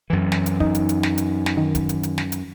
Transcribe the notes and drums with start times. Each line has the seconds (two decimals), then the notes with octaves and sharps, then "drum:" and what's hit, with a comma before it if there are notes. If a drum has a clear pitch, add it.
0.10 F#2 E3
0.32 drum: snare
0.46 drum: hi-hat
0.60 D#4, drum: kick
0.75 drum: hi-hat
0.89 drum: hi-hat
1.03 drum: snare
1.18 drum: hi-hat
1.46 drum: snare
1.57 D#3
1.75 drum: kick, hi-hat
1.89 drum: hi-hat
2.03 drum: hi-hat
2.18 drum: snare
2.32 drum: hi-hat